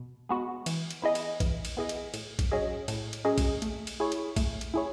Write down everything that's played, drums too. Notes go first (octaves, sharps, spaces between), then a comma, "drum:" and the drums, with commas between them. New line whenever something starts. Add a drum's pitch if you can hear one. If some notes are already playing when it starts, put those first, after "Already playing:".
Already playing: B2
G#3 B3 F#4
E3, drum: cymbal
drum: cymbal
B3 E4 G#4 D#5
drum: cymbal
E3, drum: kick A#1, cymbal
drum: cymbal
B3 E4 G#4 D#5
drum: cymbal
A2, drum: cymbal
drum: kick A#1, cymbal
F#3 C#4 G#4 D#5
A2, drum: cymbal
drum: cymbal
F#3 C#4 G#4 D#5
drum: kick A#1, cymbal
A3, drum: cymbal
drum: cymbal
E4 G#4 C#5
drum: cymbal
A3, drum: kick A#1, cymbal
drum: cymbal
E4 G#4 C#5